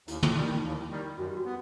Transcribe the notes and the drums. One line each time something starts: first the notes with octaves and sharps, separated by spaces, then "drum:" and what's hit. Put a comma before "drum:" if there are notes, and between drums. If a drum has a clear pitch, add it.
D#2 E4, drum: hi-hat
drum: tom
D#3 G3
D#4
D#2 E4
D#3 G3
F#2 F#4
G4
F#4
B3